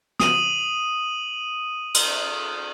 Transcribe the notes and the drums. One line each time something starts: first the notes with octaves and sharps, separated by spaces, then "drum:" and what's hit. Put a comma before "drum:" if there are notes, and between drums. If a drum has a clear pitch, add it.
D#6 D#7 F#7, drum: snare
drum: cymbal